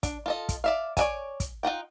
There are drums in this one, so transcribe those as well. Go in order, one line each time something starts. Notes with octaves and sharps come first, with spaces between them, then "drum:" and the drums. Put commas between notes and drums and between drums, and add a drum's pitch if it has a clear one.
D4, drum: kick, hi-hat
F4 A4 D#5
drum: kick, hi-hat
D5 E5 F5
C#5 D5 E5 F#5 G#5, drum: kick, hi-hat
drum: kick, hi-hat
D#4 F4 F#5 G5